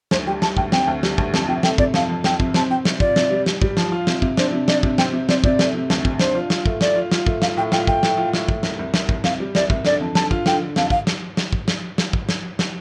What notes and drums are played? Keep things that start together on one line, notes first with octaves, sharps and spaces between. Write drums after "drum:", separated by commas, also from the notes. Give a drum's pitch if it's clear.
D2 C5, drum: snare
G3 G5
G3 A5, drum: snare
D2 G5, drum: kick
C4 G5, drum: snare
D2
G3, drum: snare
D2, drum: kick
F2, drum: snare
C3 G5
A3 G5, drum: snare
C3 D5, drum: kick
F2 F5, drum: snare
F2
F2 G5, drum: snare
C3, drum: kick
C4 A5, drum: snare
C4 G5
C3, drum: snare
F4 D5, drum: kick
C3, drum: snare
G3
G3, drum: snare
G3, drum: kick
F3, drum: snare
F4
C3, drum: snare
C3, drum: kick
D4 C5, drum: snare
C3
D4 D5, drum: snare
C3, drum: kick
C4 G5, drum: snare
C3
C4 D5, drum: snare
C3 D5, drum: kick
A3, drum: snare
C3
D2, drum: snare
C3, drum: kick
D4 C5, drum: snare
F4
F4, drum: snare
A3, drum: kick
A3 D5, drum: snare
F4
F4, drum: snare
A3, drum: kick
F4 F5, drum: snare
A2 G5
F4 G5, drum: snare
A3 G5, drum: kick
A2, drum: snare
F4
A2, drum: snare
A2, drum: kick
C2, drum: snare
C2
C2, drum: snare
C2, drum: kick
C3 F5, drum: snare
G3
C2 D5, drum: snare
C2, drum: kick
D3 D5, drum: snare
F2
D3 A5, drum: snare
F4, drum: kick
D3 G5, drum: snare
D3
F2 F5, drum: snare
F5, drum: kick
drum: snare
drum: snare
drum: kick
drum: snare
drum: snare
drum: kick
drum: snare
drum: snare